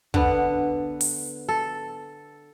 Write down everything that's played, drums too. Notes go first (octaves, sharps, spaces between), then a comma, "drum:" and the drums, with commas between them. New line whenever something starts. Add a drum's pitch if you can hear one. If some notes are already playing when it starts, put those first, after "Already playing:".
D3 B3, drum: kick
drum: open hi-hat
A4